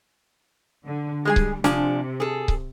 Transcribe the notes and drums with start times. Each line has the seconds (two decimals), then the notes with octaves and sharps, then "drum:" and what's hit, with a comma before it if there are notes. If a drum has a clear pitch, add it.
0.85 D3
1.25 G3 G#3 G#4 G#5
1.36 drum: kick C#1
1.64 C3 F3 D4 G#5, drum: snare
2.20 G#4 A4
2.48 drum: kick C#1